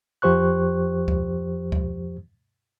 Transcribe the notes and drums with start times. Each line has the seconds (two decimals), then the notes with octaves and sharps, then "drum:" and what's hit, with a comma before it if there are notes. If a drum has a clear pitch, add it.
0.22 F2 F3 G4 C5 C#6 F#6
1.08 drum: kick D2
1.72 drum: kick D2